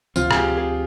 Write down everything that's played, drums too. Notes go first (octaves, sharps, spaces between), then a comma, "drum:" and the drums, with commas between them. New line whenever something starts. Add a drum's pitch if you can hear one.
D2 C3 F3 C4 F4, drum: tambourine
G#4, drum: rim click
G4
G#4